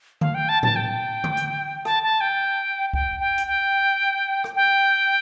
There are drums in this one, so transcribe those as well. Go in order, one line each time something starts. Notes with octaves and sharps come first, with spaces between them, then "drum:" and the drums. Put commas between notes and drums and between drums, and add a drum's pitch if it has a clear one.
F5, drum: tom D3
G5
A5
A5, drum: tom A2
G5
drum: tom D3
drum: hi-hat
A5, drum: rim click
A5
G5
G5, drum: kick
G5
drum: hi-hat
G5
drum: rim click
G5